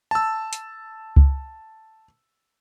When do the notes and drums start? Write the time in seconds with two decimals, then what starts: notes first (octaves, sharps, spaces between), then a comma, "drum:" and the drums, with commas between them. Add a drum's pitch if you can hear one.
0.11 A5 E6
0.53 drum: hi-hat
1.17 drum: kick C#2